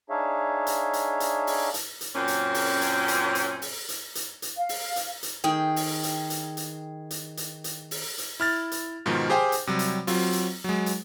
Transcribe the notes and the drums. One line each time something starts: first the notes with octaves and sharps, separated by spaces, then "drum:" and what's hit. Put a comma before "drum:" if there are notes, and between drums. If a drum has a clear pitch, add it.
D4 D#4 G#4 C#5 E5 F5
drum: hi-hat
drum: hi-hat
drum: hi-hat
drum: open hi-hat
drum: hi-hat
drum: hi-hat
F#2 A#2 C4 C#4
drum: hi-hat
drum: open hi-hat
drum: hi-hat
drum: hi-hat
drum: hi-hat
drum: open hi-hat
drum: hi-hat
drum: hi-hat
drum: hi-hat
F5
drum: open hi-hat
drum: hi-hat
drum: hi-hat
D#3 G#4 G5
drum: open hi-hat
drum: hi-hat
drum: hi-hat
drum: hi-hat
drum: hi-hat
drum: hi-hat
drum: hi-hat
drum: open hi-hat
drum: hi-hat
E4 F6 A6
drum: hi-hat
G#2 B2 D#3 F3
G4 G#4 C5 F5 G5 G#5
drum: hi-hat
C3 F#3 G3
drum: hi-hat
F#3 C4 F4, drum: open hi-hat
drum: hi-hat
F#3 G#3
drum: hi-hat